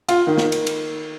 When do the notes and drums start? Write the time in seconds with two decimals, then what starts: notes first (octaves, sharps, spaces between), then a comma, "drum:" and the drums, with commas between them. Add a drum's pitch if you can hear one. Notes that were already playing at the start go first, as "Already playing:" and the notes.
0.09 F4, drum: cymbal
0.27 D#3
0.38 drum: snare
0.52 drum: cymbal
0.67 drum: cymbal